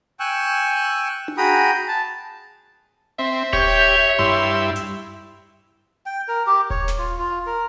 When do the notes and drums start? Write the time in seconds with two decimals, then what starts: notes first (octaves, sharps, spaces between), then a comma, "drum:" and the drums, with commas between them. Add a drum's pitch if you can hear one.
0.20 G5 G#5 C#6 E6 F#6
1.28 drum: tom D4
1.37 F#4 G#4 G5 A#5 B5 D#6
1.88 A5
3.19 C4 E5
3.53 G4 C#5, drum: kick D#1
4.19 G2 E4 C6
4.76 drum: hi-hat
6.06 G5
6.28 A#4
6.47 G4
6.70 C#5, drum: kick D#1
6.88 drum: snare
6.99 F4
7.19 F4
7.46 A#4